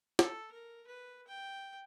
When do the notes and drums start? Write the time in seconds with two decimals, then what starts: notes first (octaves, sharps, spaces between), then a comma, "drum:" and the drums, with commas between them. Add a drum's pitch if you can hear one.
0.19 A4, drum: snare
0.52 A#4
0.87 B4
1.28 G5